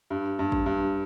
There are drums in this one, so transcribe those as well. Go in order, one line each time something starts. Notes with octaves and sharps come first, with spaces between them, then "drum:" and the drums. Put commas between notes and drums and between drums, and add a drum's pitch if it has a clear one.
G2
G2
drum: kick G#1
G2